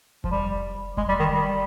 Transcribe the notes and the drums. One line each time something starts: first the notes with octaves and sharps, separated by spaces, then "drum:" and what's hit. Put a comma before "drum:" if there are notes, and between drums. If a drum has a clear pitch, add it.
F3, drum: kick F1
G3
G#3, drum: kick F1
G3
D#3
G3